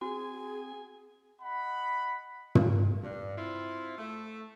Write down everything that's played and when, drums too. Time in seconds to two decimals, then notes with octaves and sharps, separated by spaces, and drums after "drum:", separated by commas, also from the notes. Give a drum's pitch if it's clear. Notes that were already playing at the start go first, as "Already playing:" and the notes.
0.01 C4 F#4 G#4 G#5
1.41 D#5 F#5 B5
2.55 drum: tom
3.01 G2
3.36 C4 E4 F4
3.97 A3